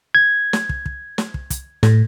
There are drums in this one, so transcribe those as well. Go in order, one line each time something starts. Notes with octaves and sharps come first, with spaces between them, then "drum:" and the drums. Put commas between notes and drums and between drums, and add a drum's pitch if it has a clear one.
G#6
drum: snare
drum: kick
drum: kick
drum: snare
drum: kick
drum: kick, hi-hat
A2, drum: snare